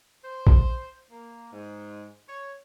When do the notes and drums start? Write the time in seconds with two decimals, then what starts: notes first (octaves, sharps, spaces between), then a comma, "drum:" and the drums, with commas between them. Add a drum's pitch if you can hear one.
0.23 C5
0.47 drum: kick A#1
1.11 A#3
1.52 G#2
2.28 C#5